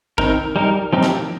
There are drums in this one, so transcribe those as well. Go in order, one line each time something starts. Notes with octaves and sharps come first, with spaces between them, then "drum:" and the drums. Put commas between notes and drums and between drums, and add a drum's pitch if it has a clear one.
D#3 C4 D#4 A#4, drum: kick
G3 D#4 A#4
F3 C4 D#4 G4 A#4
drum: snare